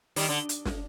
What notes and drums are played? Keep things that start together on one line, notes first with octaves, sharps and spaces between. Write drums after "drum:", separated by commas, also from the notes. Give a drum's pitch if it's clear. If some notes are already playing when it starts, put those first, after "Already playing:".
D#3 G3, drum: open hi-hat
D3
drum: hi-hat
drum: snare